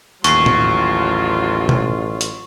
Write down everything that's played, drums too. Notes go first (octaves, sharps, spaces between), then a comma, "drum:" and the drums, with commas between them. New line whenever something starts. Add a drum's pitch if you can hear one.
A1 D#2 F#3 F4 C#6 C7, drum: hi-hat
drum: tom A2
drum: tom
drum: hi-hat